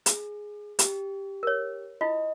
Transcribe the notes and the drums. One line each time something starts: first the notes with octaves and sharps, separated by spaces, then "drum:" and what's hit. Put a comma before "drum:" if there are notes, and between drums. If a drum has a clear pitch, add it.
G#4, drum: hi-hat
G4, drum: hi-hat
A#4 C#5
E4 F4 D#5